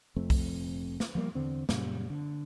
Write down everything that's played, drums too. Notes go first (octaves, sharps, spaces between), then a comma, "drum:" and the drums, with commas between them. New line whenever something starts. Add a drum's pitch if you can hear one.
F1 F2 A3 C4
drum: kick, open hi-hat
drum: snare
F3 G3 A#3
E2 D3 C4
F#2 A#2 C#3 G3, drum: snare
D3